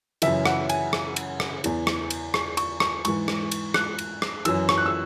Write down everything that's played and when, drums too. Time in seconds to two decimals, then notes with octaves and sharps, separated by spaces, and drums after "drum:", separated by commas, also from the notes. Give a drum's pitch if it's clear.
0.22 F#2 C#3 E3 E5, drum: cymbal
0.46 F#5, drum: rim click
0.69 G#5, drum: cymbal
0.93 drum: rim click
1.16 drum: cymbal
1.40 drum: rim click
1.64 E2 E3, drum: cymbal
1.87 drum: rim click
2.10 drum: cymbal
2.34 C#6, drum: rim click
2.57 C#6, drum: cymbal
2.80 C#6, drum: rim click
3.05 G#2 E3 C#6, drum: cymbal
3.28 drum: rim click
3.52 drum: cymbal
3.74 F#6, drum: rim click
3.99 drum: cymbal
4.22 drum: rim click
4.45 F#2 E3 E6, drum: cymbal
4.69 C#6, drum: rim click
4.77 F#6
4.86 E6